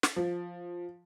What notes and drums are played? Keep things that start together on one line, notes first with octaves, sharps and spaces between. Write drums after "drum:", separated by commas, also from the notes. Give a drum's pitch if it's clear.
drum: snare
F3